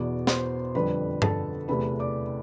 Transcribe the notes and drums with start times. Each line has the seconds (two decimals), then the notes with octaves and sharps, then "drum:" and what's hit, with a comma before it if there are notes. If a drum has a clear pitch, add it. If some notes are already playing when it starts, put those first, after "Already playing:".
Already playing: E2 B2 B3 D5 D6
0.27 C5 C6, drum: snare
0.75 F2 D3 G3 B4 B5
1.22 A4 A5, drum: tom G2
1.68 E2 C3 E3 A3 B4 B5
1.99 D5 D6